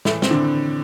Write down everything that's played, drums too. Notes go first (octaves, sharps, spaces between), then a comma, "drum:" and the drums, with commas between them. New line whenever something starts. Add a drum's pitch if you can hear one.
A2 E3 A3, drum: snare
C4, drum: snare
D3 D4